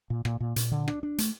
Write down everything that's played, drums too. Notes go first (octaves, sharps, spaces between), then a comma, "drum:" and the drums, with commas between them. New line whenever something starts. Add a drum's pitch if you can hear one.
A#2
A#2, drum: rim click
A#2
A#2, drum: hi-hat
D3
D4, drum: rim click
D4
A3, drum: hi-hat